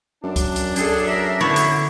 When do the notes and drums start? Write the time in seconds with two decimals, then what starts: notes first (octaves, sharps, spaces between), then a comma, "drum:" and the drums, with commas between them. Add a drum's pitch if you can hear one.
0.23 F#2 D4
0.36 drum: kick C#2, hi-hat
0.56 drum: hi-hat
0.76 F#2 G#4 A4, drum: hi-hat
1.07 A#4 E5
1.41 D3 B3 E4 C#5
1.56 drum: hi-hat